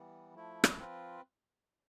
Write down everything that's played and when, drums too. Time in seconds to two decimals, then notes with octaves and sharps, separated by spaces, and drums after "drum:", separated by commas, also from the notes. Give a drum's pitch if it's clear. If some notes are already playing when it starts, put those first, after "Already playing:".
Already playing: E3 G3 B3
0.34 F3 A3 E4
0.64 drum: rim click
0.78 F3 C4 F4 B4